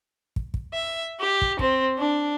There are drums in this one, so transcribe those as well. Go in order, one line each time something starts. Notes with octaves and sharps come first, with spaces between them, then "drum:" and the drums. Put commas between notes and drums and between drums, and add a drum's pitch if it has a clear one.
drum: kick
drum: kick
E5
G4
drum: kick
C4, drum: kick
D4